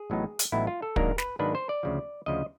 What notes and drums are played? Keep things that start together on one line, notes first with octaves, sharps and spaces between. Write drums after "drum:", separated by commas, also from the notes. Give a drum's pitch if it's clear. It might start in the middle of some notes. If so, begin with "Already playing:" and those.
Already playing: G#4
A1 A2 F#3 B3 D#4
drum: hi-hat
A1 A2 F#3 B3 D#4 E4
F4
A4
G#2 D#3 F#3 A#3 D4 A#4, drum: kick
B4, drum: snare
G#2 D#3 F#3 A#3 D4 B4
C5
D5
D2 C#3 F3
D2 C#3 F3 D#5